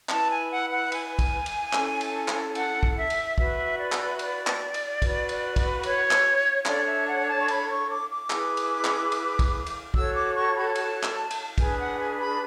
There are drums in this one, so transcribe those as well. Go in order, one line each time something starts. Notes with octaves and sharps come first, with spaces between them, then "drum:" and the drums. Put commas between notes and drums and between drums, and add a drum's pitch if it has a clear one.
E4 B4 A5, drum: clap
G#5
F#5
F#5
G#5, drum: cymbal
drum: kick, cymbal
drum: cymbal
C#4 E4 A4, drum: clap
drum: cymbal
drum: clap
F#5, drum: cymbal
drum: kick
E5
drum: cymbal
F#4 B4 E5, drum: kick
D5
drum: clap
E5
D5, drum: cymbal
drum: clap
drum: cymbal
F#4 B4, drum: kick, cymbal
drum: cymbal
drum: kick, cymbal
C#5, drum: cymbal
drum: clap
D4 A4 C#5 D5, drum: clap
E5
F#5
A5
C#6
B5, drum: cymbal
C#6
D6
D6
E4 G#4 B4, drum: clap
drum: cymbal
drum: clap
drum: cymbal
drum: kick, cymbal
drum: cymbal
F#4 A4 C#5 E6, drum: kick
D6
C#6
B5
A5, drum: cymbal
drum: clap
drum: cymbal
D4 G#4 B4 G#5, drum: kick, cymbal
F#5
G#5
B5